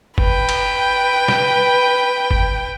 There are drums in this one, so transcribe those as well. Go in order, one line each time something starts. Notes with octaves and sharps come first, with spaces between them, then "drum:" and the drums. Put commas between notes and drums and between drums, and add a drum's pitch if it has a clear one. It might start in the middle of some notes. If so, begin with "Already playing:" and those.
B4 G5, drum: kick G1
drum: cymbal
drum: snare
drum: kick G1